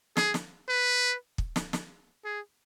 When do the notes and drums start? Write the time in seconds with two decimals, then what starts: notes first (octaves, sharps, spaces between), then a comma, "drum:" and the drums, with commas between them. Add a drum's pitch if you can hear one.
0.17 G#4, drum: snare
0.34 drum: snare
0.69 B4
1.38 drum: kick
1.56 drum: snare
1.73 drum: snare
2.25 G#4